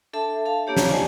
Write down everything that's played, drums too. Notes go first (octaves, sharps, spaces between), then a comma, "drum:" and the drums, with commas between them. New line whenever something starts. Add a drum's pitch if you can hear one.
D4 A4 E5 A5
A4 F5 A5
A#3 D4 G4 C#5
drum: snare
C5 D5 D#5 G#5 A5